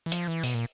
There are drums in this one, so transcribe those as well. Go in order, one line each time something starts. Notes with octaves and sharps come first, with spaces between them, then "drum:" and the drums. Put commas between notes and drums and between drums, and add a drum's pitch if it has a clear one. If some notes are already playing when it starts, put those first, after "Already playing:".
E3
F3, drum: hi-hat
E3
B2, drum: open hi-hat
A#2